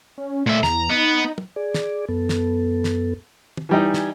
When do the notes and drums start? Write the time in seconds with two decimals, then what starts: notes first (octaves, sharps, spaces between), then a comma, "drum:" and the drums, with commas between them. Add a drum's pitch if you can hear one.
0.18 C#4
0.47 A#2 A3 E5
0.63 E2 A#5, drum: snare
0.90 B3 D#4
1.38 drum: tom
1.56 G#4 D5
1.74 drum: snare
2.09 F#2 B3 A4
2.29 drum: snare
2.84 drum: snare
3.57 drum: tom
3.69 E3 G3 D#4 G#5
3.94 drum: snare